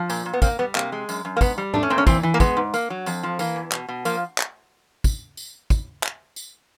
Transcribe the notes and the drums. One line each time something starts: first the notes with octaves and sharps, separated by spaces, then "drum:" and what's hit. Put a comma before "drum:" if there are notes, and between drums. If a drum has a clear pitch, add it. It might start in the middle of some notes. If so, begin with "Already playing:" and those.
Already playing: F3
A#2, drum: tambourine
A#2
B3
A#3 C4, drum: kick, tambourine
G3 B3
C3 A#3, drum: clap
G#3
F#2, drum: tambourine
F#2
A#3
G#2 B3, drum: kick, tambourine
G3
A3 D4, drum: tom G#2
C#4
A#2 C4
C#4
E3 C4, drum: kick, tambourine
E3
A#3
G#3 B3, drum: kick, tambourine
G#2
A#3, drum: tambourine
F#3
F2, drum: tambourine
F3
E3 A#3, drum: tambourine
E2
B2, drum: clap
B2
F3 A#3, drum: tambourine
drum: clap
drum: kick, tambourine
drum: tambourine
drum: kick, tambourine
drum: clap
drum: tambourine